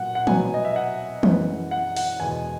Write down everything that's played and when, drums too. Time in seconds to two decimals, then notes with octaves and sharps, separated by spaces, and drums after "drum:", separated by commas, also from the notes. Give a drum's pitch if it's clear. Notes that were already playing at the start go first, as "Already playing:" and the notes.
Already playing: A#2 F#3 B3 F#5
0.15 F#5
0.27 B2 F#3 B3 G#5, drum: tom E3
0.54 D#5
0.65 E5
0.76 F#5
1.23 F#2 E3 G#3 B3, drum: tom E3
1.71 F#5
1.96 F#5, drum: open hi-hat
2.20 E2 B2 G#3 G#5